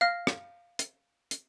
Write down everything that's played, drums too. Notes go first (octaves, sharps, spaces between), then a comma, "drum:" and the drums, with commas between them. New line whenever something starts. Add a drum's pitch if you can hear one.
F5 F6 A#6
drum: rim click
drum: hi-hat
drum: hi-hat